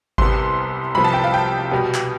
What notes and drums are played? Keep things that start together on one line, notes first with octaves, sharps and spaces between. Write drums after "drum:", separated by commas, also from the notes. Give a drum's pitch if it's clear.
C2 C3 G3 B3 C6, drum: kick G#1
C2 C3 F3 B3 B5
A5
G5
F5
G5
B2 G3 B3
drum: clap